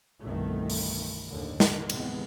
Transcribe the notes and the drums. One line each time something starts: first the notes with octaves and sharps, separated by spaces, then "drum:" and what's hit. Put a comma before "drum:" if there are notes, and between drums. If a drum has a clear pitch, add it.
G1 C2 B2 D#3 E3 A3
drum: open hi-hat
F#1 D#2 A2 D3
drum: snare
C3 E3 G#3 B3, drum: cymbal